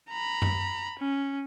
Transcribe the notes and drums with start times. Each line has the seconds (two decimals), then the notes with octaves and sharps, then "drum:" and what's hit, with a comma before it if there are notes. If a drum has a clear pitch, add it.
0.10 A#5 B5
0.42 drum: tom F#2
1.00 C#4